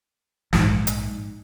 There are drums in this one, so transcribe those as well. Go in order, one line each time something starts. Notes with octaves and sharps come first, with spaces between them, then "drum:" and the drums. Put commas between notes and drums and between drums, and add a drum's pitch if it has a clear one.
A#1 G#2, drum: snare
drum: hi-hat